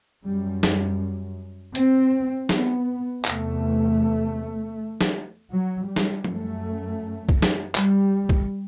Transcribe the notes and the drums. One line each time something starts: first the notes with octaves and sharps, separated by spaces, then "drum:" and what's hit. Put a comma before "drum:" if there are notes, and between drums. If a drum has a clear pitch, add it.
F#2 G3
G3, drum: snare
C4, drum: hi-hat
B3, drum: snare
E2 C3 A3, drum: clap
drum: snare
F#3
G3
drum: snare
F#2 A3, drum: tom F3
drum: kick
drum: snare
G3, drum: clap
drum: kick